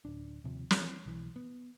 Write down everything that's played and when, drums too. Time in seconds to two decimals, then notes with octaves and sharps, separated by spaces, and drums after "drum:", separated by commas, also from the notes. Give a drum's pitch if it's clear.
0.05 D1 D4
0.44 D#2 C3 F3
0.71 E3 C4, drum: snare
1.06 B1 E3
1.36 B3